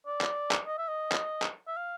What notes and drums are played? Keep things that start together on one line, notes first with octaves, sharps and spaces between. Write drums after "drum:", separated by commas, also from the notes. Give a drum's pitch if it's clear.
D5
drum: clap
drum: clap
D#5
E5
D#5
drum: clap
drum: clap
E5
F5